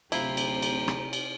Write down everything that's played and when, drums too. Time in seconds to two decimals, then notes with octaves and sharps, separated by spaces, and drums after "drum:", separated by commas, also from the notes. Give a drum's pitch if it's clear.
0.12 D1 C3 E4 F4 G4 C5 A#5, drum: cymbal
0.37 drum: cymbal
0.62 drum: cymbal
0.88 drum: rim click
1.13 drum: cymbal